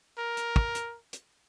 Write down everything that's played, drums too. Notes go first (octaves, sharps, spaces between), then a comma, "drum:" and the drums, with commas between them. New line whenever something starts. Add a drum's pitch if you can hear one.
A#4
drum: hi-hat
drum: kick
drum: hi-hat
drum: hi-hat